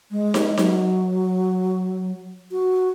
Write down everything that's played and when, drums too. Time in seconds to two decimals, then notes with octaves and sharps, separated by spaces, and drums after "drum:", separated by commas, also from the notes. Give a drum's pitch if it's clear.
0.11 G#3
0.34 drum: snare D#4
0.57 F#3, drum: snare D#4
2.52 F#4